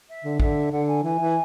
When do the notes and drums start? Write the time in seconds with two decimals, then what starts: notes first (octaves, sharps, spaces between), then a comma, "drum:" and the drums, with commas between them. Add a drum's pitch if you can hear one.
0.09 E5
0.24 D3
0.40 D3 E5, drum: kick
0.71 D3 F#5
0.87 G#5
1.03 E3 G#5
1.19 E3